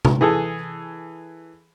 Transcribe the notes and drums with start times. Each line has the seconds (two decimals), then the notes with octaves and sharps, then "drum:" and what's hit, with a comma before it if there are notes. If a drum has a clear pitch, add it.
0.05 drum: tom C3
0.21 E3 G#4 A4